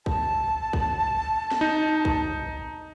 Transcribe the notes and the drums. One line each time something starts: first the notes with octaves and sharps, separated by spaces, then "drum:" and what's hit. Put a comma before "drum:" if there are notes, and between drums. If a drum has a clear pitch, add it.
A5, drum: kick A#1
drum: kick A#1
drum: snare
D#4
drum: kick A#1